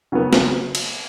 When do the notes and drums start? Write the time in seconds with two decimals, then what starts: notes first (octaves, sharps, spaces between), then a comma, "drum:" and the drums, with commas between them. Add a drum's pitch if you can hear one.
0.12 C#3 F#3 B3
0.33 drum: snare
0.75 drum: cymbal